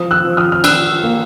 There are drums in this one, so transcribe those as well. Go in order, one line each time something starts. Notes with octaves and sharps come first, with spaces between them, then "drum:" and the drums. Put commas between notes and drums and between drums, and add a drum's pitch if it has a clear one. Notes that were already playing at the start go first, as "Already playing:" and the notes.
Already playing: F3 D#6
E6 F#6
F3
D#6 F6
F6
D4 E6 F#6, drum: cymbal
A#3